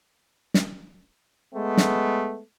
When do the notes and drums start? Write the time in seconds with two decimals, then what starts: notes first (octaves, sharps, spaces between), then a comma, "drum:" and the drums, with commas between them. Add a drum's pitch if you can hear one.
0.54 drum: snare
1.55 G#3 A3 B3
1.77 drum: snare